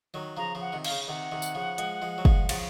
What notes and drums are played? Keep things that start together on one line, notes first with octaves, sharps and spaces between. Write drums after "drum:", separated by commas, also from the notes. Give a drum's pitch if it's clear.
D#3 F#3
C#3 F3 A#5
C#3 F3
F#5
C3 D#3
F5, drum: cymbal
C#3
C3 D#3 F#5
C3 D#3
drum: tambourine
C#3 F3
F3 G#3, drum: hi-hat
F3 G#3
F#3
F3 G#3, drum: kick
C#3 F3, drum: cymbal